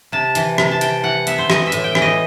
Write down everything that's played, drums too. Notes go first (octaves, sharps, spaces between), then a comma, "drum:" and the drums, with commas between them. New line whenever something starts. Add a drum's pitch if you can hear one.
C3 A5
E3, drum: hi-hat
C3, drum: rim click
A5
E3 G5, drum: hi-hat
E3 F#5
B3 E5, drum: hi-hat
C5
E3 D#5, drum: rim click
E5
A2, drum: hi-hat
G5
E3, drum: rim click
D#5